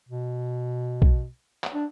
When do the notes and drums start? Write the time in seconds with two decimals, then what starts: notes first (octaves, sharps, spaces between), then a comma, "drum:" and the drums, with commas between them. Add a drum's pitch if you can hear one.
0.09 B2
1.02 drum: kick A#1
1.64 drum: clap
1.74 D4